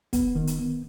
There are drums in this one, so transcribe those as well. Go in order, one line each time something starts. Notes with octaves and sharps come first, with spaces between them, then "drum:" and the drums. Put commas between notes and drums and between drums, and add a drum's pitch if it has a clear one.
B3, drum: kick, hi-hat
D#3
drum: hi-hat
B3